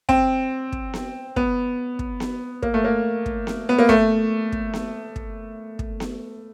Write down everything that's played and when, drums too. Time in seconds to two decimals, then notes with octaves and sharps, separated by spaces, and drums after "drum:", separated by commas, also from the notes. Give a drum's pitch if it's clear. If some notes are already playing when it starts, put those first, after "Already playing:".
0.09 C4, drum: kick
0.72 drum: kick
0.94 drum: snare B3
1.36 B3, drum: kick
1.99 drum: kick
2.20 drum: snare B3
2.62 A#3, drum: kick
2.74 A3
2.84 A#3
3.26 drum: kick
3.47 drum: snare B3
3.69 B3
3.78 A#3
3.89 A3, drum: kick
4.52 drum: kick
4.73 drum: snare B3
5.16 drum: kick
5.79 drum: kick
6.00 drum: snare B3